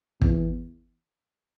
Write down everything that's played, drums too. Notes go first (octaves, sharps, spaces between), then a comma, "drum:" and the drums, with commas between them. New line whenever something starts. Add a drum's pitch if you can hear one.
E2, drum: kick